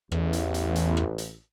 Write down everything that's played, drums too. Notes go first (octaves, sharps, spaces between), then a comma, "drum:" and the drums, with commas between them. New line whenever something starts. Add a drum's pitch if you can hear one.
A1 E2, drum: rim click
drum: hi-hat
drum: hi-hat
drum: hi-hat
drum: rim click
drum: hi-hat